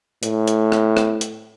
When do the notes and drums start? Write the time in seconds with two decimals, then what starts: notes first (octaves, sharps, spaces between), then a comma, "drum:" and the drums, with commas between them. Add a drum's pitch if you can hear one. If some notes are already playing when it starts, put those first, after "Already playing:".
0.23 A2, drum: hi-hat
0.47 drum: hi-hat
0.72 drum: rim click
0.97 drum: rim click
1.21 drum: hi-hat